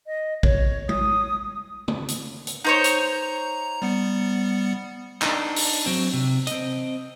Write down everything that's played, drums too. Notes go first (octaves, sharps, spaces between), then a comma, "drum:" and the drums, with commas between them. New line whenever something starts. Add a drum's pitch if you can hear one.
D#5
C#5, drum: kick A1
D#6, drum: tom G#3
drum: tom
drum: hi-hat
drum: hi-hat
D#4 C5 C#5 A#5
drum: hi-hat
G3 B3 C#7
D4 D#4, drum: clap
drum: open hi-hat
F#3 C4
C3
C4 D#5, drum: hi-hat